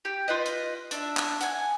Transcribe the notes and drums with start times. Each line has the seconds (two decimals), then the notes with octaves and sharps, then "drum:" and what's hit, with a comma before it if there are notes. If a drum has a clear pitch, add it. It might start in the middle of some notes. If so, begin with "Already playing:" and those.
0.05 G4
0.28 F4 B4 D#5
0.46 drum: hi-hat
0.91 D4 E5, drum: hi-hat
1.17 drum: clap
1.41 F#5 G#5, drum: hi-hat